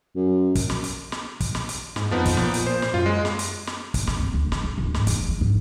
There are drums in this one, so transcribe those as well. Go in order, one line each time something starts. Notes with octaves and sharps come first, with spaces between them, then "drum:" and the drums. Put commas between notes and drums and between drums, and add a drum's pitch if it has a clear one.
F#2
drum: kick, hi-hat
drum: snare
drum: hi-hat
drum: snare
drum: kick, hi-hat
drum: snare
drum: hi-hat
G#2, drum: snare
F2 F3 B3 D#4
drum: kick, hi-hat
A#2, drum: snare
drum: hi-hat
C5
drum: snare
F#2 F4
G#3
drum: snare
drum: hi-hat
drum: snare
B1, drum: kick, hi-hat
F#2, drum: snare
C4
D2
D3, drum: snare
C#2
D1
G#2, drum: snare
E2, drum: hi-hat
F3
G#2